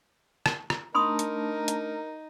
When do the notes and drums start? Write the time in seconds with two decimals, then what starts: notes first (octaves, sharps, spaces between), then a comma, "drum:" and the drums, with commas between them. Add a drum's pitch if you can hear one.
0.46 drum: rim click
0.70 drum: rim click
0.95 A3 D4 D#4 A#4 A5 B5 C6 D#6
1.19 drum: hi-hat
1.68 drum: hi-hat